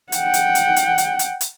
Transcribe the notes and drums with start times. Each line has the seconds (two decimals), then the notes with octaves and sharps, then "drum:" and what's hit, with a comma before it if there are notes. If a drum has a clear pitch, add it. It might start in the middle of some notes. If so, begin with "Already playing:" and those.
0.12 F#5 G5, drum: hi-hat
0.34 drum: hi-hat
0.55 drum: hi-hat
0.76 drum: hi-hat
0.98 drum: hi-hat
1.19 drum: hi-hat
1.41 drum: hi-hat